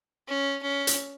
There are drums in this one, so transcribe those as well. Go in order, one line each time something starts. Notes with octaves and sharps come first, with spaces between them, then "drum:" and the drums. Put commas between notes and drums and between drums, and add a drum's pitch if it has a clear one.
C#4
C#4
drum: hi-hat